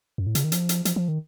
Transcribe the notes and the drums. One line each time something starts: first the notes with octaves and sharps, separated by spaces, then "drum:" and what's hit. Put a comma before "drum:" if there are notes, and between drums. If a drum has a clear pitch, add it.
F#2
A2
C#3, drum: hi-hat
D#3
F3, drum: hi-hat
drum: hi-hat
F3, drum: hi-hat
F3
D#3